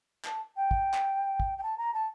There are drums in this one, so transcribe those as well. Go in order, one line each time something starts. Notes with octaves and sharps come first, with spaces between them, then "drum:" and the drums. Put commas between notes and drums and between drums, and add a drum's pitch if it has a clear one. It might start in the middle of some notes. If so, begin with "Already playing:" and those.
A5, drum: clap
G5
drum: kick
drum: clap
drum: kick
G5
A5
A#5
A5